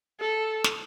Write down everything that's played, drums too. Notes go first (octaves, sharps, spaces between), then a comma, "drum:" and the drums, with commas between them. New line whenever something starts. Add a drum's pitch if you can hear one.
A4
drum: snare